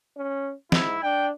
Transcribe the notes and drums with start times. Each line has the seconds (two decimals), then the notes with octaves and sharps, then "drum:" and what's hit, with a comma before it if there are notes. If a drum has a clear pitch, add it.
0.17 C#4
0.72 G#2 E4, drum: snare
1.03 D4 G5